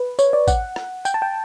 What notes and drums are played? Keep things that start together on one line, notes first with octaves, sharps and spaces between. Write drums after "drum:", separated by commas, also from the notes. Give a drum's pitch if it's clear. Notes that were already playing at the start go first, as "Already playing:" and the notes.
Already playing: B4
C#5, drum: tambourine
D5
F#5, drum: kick A1, tambourine
drum: rim click
G5, drum: tambourine
A5
G5